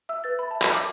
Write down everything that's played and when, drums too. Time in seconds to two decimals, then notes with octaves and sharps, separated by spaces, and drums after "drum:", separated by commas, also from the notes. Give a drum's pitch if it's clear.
0.09 E5 E6
0.24 B4 A6
0.39 B4 B5
0.51 A5
0.55 E5
0.62 B5, drum: clap
0.70 E5 D6